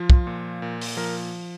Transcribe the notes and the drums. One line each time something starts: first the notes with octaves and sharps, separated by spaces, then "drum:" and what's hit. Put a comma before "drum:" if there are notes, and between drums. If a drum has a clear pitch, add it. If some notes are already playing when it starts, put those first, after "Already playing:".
Already playing: F3 F4
drum: kick
A#2
A#2
drum: open hi-hat
F3 A#4